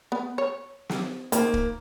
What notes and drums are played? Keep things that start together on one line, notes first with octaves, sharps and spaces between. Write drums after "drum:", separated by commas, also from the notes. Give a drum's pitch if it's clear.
B3
C#5
drum: snare
D#3 F3 A#3, drum: hi-hat
drum: kick